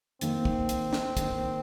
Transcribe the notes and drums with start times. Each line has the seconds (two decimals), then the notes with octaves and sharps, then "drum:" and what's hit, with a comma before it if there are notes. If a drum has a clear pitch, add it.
0.21 D#3 A#3 C4 D#4, drum: hi-hat
0.45 drum: kick
0.69 drum: hi-hat
0.93 drum: snare
1.17 D#3 A#3 D#4, drum: kick, hi-hat